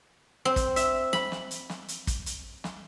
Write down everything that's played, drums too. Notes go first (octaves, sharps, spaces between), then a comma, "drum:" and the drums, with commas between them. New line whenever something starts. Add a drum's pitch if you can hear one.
C4
drum: kick, hi-hat
E5, drum: hi-hat
B5, drum: snare
drum: snare
drum: hi-hat
drum: snare
drum: hi-hat
drum: kick, hi-hat
drum: hi-hat
drum: snare